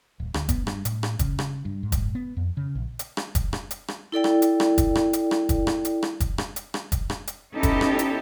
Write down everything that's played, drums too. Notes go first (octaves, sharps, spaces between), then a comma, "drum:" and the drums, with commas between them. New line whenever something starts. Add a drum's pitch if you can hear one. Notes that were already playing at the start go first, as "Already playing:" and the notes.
D1
D2, drum: rim click
B3, drum: kick, hi-hat
G2, drum: rim click
A2, drum: hi-hat
drum: rim click
C#3, drum: kick, hi-hat
drum: rim click
G2
G#2
drum: kick, hi-hat
B3
F2
C#3
A#1
drum: hi-hat
drum: rim click
drum: kick, hi-hat
drum: rim click
drum: hi-hat
drum: rim click
E4 A4 D5 G5
drum: rim click
drum: hi-hat
drum: rim click
drum: kick, hi-hat
drum: rim click
drum: hi-hat
drum: rim click
drum: kick, hi-hat
drum: rim click
drum: hi-hat
drum: rim click
drum: kick, hi-hat
drum: rim click
drum: hi-hat
drum: rim click
drum: kick, hi-hat
drum: rim click
drum: hi-hat
B3 C#4 D#4 E4 G4 A4
drum: kick, hi-hat
drum: rim click
drum: hi-hat